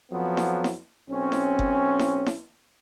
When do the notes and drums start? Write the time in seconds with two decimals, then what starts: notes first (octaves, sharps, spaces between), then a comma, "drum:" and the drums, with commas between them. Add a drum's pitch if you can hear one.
0.10 F2 F3 F#3 B3
0.37 drum: snare E4
0.64 drum: snare E4
1.09 B1 C4 C#4
1.32 drum: snare E4
1.59 drum: kick F#1
1.99 drum: snare E4
2.26 drum: snare E4